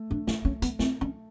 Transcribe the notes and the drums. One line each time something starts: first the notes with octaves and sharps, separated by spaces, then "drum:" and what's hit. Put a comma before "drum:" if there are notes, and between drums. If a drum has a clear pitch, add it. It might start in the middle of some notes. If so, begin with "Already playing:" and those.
Already playing: A3
D4
C#4, drum: snare
C#4
B3, drum: hi-hat
C4, drum: snare
C#4